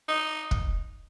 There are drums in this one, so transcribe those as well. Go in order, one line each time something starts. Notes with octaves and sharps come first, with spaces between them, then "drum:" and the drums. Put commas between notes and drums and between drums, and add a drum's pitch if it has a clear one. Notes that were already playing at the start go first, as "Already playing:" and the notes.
D#4
drum: kick